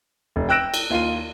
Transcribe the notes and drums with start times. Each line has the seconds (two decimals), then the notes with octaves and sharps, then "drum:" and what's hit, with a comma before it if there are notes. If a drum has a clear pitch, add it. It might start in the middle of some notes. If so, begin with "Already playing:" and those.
0.36 F1
0.49 G5 E6 F#6 A#6 D7 E7
0.74 drum: cymbal
0.90 D#2 F4 F5 D#7